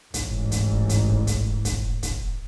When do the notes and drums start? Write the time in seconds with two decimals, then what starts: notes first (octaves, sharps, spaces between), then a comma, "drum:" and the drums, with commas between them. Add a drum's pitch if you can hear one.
0.14 A1 G#2, drum: kick, hi-hat
0.52 drum: kick, hi-hat
0.89 drum: kick, hi-hat
1.27 drum: kick, hi-hat
1.65 drum: kick, hi-hat
2.03 drum: kick, hi-hat